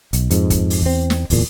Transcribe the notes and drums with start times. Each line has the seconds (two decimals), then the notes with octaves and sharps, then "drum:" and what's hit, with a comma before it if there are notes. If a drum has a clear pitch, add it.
0.13 B1, drum: hi-hat
0.30 F2 G#2, drum: hi-hat
0.50 drum: kick, hi-hat
0.70 drum: open hi-hat
0.82 E2 C4
1.10 drum: snare
1.30 D1 E2 A#2, drum: open hi-hat